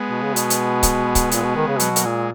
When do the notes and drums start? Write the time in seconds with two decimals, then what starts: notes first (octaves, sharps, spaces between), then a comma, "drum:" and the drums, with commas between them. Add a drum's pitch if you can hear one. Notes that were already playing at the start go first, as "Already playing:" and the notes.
Already playing: G#3 B3
0.09 B2
0.23 C#3
0.36 B2, drum: hi-hat
0.50 drum: hi-hat
0.83 drum: kick C#1, hi-hat
1.15 drum: kick C#1, hi-hat
1.31 A#2, drum: hi-hat
1.43 B2
1.56 D#3
1.67 C#3
1.80 B2 F#3, drum: hi-hat
1.96 A#3, drum: hi-hat
2.04 A#2 G#3